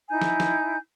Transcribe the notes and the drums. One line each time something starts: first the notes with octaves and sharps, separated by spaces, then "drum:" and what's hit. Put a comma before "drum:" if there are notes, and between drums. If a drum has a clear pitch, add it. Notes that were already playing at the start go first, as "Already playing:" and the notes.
D#4 E4 G#5 G6
drum: snare
drum: snare